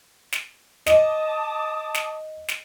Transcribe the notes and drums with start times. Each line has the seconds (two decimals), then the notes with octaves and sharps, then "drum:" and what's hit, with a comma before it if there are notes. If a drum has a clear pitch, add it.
0.32 drum: snare
0.86 D#5 A5 D6 D#6, drum: snare
1.94 drum: snare
2.48 drum: snare